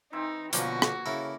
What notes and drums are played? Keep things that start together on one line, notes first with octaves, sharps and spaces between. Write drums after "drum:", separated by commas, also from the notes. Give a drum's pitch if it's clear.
E3 C4 D#4 E4
B2 D3 F3 A#3 C#4 F#4, drum: hi-hat
drum: rim click
C#3 E4 A4 A#4